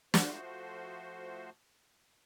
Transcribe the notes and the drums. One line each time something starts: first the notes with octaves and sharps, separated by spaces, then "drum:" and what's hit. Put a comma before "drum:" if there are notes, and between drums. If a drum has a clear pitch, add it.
F3 A3 F#4 C5, drum: snare